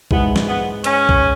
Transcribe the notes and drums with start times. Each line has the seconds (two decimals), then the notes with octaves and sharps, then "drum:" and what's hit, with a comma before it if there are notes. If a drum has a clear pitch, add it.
0.11 G#2 G#3 B3 E4 B4, drum: kick
0.36 drum: snare
0.48 B3
0.84 C#4, drum: hi-hat
1.09 drum: kick